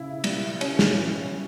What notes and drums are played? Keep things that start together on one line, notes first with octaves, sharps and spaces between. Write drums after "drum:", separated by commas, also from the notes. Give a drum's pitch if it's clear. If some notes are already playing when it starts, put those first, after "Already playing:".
Already playing: C#3 E4
G3, drum: cymbal
C#4, drum: cymbal
drum: snare
E3